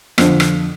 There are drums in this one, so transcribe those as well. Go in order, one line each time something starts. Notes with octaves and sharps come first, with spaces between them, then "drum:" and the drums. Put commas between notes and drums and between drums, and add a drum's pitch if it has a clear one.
F2 D3 F3, drum: rim click
drum: rim click